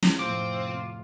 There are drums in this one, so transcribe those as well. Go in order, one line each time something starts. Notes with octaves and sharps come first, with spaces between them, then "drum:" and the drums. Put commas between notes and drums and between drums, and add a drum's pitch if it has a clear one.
drum: snare
F2 A2 C3 C4 F4 D6